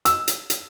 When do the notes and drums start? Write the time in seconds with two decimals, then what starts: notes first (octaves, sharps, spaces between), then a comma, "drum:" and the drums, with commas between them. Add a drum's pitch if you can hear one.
0.05 E6, drum: hi-hat
0.28 drum: hi-hat
0.50 drum: hi-hat